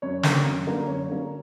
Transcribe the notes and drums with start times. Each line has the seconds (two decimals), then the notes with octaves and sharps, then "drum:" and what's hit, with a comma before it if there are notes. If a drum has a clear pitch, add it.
0.02 F#2 C#5
0.23 D3 G3 A#3, drum: snare
0.45 F#2
0.66 D3 G3 A#3
0.87 F#2 C#5
1.08 D3 G3 A#3